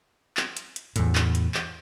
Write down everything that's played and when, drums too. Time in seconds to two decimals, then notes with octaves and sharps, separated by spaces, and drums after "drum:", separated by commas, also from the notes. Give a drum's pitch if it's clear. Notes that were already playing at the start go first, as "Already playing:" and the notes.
0.37 drum: clap
0.57 drum: hi-hat
0.76 drum: hi-hat
0.96 E2 A2, drum: hi-hat
1.15 drum: clap
1.35 drum: hi-hat
1.54 drum: clap